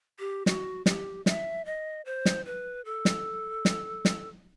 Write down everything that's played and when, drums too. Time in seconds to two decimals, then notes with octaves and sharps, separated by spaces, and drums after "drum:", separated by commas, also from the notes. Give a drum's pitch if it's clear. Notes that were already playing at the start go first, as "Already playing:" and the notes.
0.19 G4
0.46 F#4, drum: snare
0.86 G4, drum: snare
1.26 E5, drum: snare
1.65 D#5
2.05 C5
2.25 drum: snare
2.46 B4
2.85 A4
3.05 drum: snare
3.65 drum: snare
4.05 drum: snare